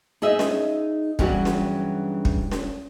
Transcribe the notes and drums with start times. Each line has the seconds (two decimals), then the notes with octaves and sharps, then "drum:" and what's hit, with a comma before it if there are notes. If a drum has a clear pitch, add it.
0.22 D#4 G#4 D#5 E5
0.39 drum: snare C#4
1.19 G2 C#3 E3 F#3 G3 F#4, drum: kick
1.45 drum: snare C#4
2.25 drum: kick
2.52 drum: snare C#4